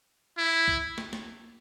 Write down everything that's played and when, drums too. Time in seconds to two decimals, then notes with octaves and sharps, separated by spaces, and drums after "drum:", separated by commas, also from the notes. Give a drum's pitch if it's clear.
0.38 E4
0.68 drum: kick
0.98 drum: snare
1.13 drum: snare